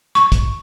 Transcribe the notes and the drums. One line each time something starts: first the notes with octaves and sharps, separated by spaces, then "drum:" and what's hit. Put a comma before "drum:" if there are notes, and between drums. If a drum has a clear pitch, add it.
C#6, drum: hi-hat
drum: kick, hi-hat